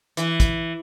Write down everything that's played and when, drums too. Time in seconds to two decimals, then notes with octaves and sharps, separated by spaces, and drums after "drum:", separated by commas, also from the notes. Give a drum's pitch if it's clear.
0.17 E3, drum: hi-hat
0.40 drum: kick, hi-hat